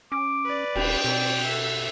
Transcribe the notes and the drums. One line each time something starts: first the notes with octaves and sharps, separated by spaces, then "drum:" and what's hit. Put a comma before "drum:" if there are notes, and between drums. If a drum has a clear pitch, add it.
C#4 D6
B4 D5
D#1 G5, drum: cymbal
B2 C4 D5
A4 E5